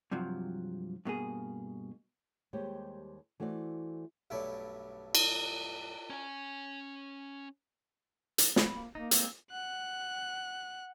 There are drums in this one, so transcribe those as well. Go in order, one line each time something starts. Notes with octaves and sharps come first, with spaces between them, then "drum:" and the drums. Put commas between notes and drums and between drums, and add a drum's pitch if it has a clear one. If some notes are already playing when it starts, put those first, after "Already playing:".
G2 C3 F3 F#3
G2 B2 A#3 G#4
D#2 G3 G#3 G4 C5 C#5
E3 A3 F#4 C5 D5
B1 G2 A3 E4 C#5 D5
drum: cymbal
C#4 G#5
drum: hi-hat
B5, drum: snare
A#3
A#3 D#4
G#3 C4 E6, drum: hi-hat
F#5 F#6